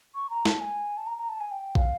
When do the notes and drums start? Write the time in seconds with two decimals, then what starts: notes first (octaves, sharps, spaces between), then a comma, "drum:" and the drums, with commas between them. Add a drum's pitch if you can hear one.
0.15 C#6
0.30 A#5
0.45 A5, drum: snare
0.61 G#5
0.97 A5
1.07 A#5
1.18 A#5
1.29 A5
1.40 G#5
1.51 G5
1.75 F5, drum: kick